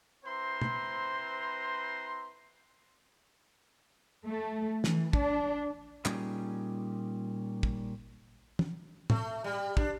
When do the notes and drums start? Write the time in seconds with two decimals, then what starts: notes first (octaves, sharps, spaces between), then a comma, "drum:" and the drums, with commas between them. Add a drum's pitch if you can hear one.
0.25 C4 E4 B4 C5 A#5 C6
0.62 drum: tom
4.27 A3
4.84 E3, drum: snare
5.13 D4, drum: kick
6.05 A#2 G3 C#4 D#4 G#4, drum: clap
7.63 drum: kick
8.59 drum: tom
9.10 A3, drum: tom
9.44 G3
9.77 D4, drum: kick